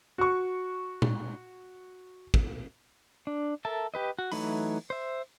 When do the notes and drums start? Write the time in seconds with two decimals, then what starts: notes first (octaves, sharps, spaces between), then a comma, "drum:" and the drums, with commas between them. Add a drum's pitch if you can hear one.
0.18 F#4 C#6
1.02 drum: tom A#2
2.34 drum: kick
3.27 D4
3.65 A4 A#4 E5 A5
3.94 G4 B4 D#5
4.19 F#4
4.32 E3 F#3 A3 D#4 B5, drum: open hi-hat
4.90 C5 E5